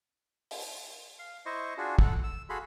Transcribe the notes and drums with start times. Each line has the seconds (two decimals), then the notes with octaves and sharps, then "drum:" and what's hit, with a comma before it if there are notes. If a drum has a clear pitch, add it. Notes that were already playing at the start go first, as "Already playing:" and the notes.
0.51 drum: open hi-hat
1.19 F5
1.46 E4 C5 D#5 C#6
1.78 D4 F4 F#4 G#4
1.99 A4 F#5, drum: kick
2.24 E6
2.49 F#4 G#4 A4 F5 B5 C6